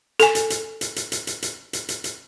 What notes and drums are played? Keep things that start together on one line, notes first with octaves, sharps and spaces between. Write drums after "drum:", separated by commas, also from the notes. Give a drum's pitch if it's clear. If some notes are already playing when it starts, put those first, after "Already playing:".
A4 G#5, drum: hi-hat
drum: hi-hat
drum: hi-hat
drum: hi-hat
drum: hi-hat
drum: hi-hat
drum: hi-hat
drum: hi-hat
drum: hi-hat
drum: hi-hat
drum: hi-hat